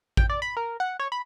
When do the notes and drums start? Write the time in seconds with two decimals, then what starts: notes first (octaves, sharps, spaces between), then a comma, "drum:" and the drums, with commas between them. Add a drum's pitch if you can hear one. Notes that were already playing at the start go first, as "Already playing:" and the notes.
0.17 G5, drum: kick
0.30 D5
0.42 B5
0.57 A#4
0.80 F#5
0.99 C#5
1.12 B5